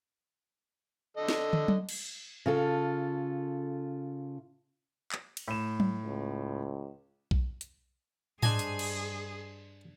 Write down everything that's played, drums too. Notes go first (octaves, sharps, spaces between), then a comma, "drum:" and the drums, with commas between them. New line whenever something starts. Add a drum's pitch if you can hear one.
D3 A4 D#5
drum: snare
drum: tom
drum: tom F#3
drum: cymbal
C#3 F4 A4
drum: clap
drum: cymbal
A2 E7
drum: tom F#3
C#2
drum: kick B1
drum: hi-hat
G2 D4 G#4 C5 D#5 G#5, drum: tom G#2
drum: hi-hat
drum: cymbal